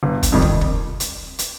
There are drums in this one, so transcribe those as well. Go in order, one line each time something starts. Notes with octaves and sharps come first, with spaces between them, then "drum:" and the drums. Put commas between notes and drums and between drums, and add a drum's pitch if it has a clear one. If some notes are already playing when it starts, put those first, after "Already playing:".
G1
drum: kick, hi-hat
F2 C3 D#3 G3
drum: kick
drum: kick
drum: hi-hat
drum: hi-hat